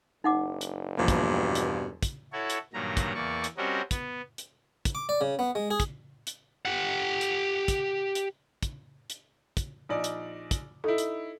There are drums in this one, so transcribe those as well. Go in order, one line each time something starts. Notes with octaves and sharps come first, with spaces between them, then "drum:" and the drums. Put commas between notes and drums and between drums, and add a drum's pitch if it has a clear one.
F#1 D#4 F#5 D6
drum: hi-hat
E2 G2 B2 F3 A#3
drum: kick, hi-hat
drum: hi-hat
drum: kick, hi-hat
E4 F#4 A4 C#5
drum: hi-hat
G2 A#2 D#3 F#3 A#5
drum: kick, hi-hat
E2 A#3 D5 C#6
drum: hi-hat
G3 C4 C#4 F#4 A#4 D#5
B3, drum: kick, hi-hat
drum: hi-hat
drum: kick, hi-hat
D6
D5
C#3
B3
G#3
G#4
drum: kick, hi-hat
drum: hi-hat
G4 F#5
drum: hi-hat
drum: kick, hi-hat
drum: hi-hat
drum: kick, hi-hat
drum: hi-hat
drum: kick, hi-hat
A#1 D#4 D5
drum: hi-hat
drum: kick, hi-hat
D#4 E4 A4
drum: hi-hat